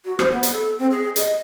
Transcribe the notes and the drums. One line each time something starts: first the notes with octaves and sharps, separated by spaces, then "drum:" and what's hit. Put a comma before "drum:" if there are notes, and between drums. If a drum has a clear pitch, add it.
F#4
C5, drum: rim click
B3
drum: hi-hat
A4
C4
G#4
D#5, drum: hi-hat